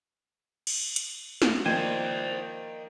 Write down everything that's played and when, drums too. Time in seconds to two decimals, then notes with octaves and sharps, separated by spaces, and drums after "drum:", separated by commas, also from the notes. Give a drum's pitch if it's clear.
0.67 drum: cymbal
0.96 drum: hi-hat
1.42 drum: snare
1.66 D#3 F3 A#3 C5 D5 G5 G#6 D#7